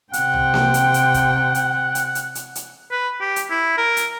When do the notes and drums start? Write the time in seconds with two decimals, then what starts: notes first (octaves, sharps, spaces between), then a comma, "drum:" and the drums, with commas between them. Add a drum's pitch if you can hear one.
0.13 C3 F#5 G5, drum: hi-hat
0.34 drum: tom
0.54 drum: snare A#3
0.74 drum: hi-hat
0.94 drum: hi-hat
1.14 drum: kick, hi-hat
1.55 drum: hi-hat
1.95 drum: hi-hat
2.15 drum: hi-hat
2.35 drum: hi-hat
2.55 drum: hi-hat
2.91 B4
3.21 G4
3.36 drum: hi-hat
3.51 E4
3.77 A#4
3.97 drum: hi-hat